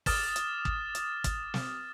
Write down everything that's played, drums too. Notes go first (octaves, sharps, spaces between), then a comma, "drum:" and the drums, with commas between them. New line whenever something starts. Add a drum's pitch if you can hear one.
D6 D#6 F6 A6 E7, drum: kick, open hi-hat
drum: hi-hat
drum: kick
drum: hi-hat
drum: kick, hi-hat
drum: snare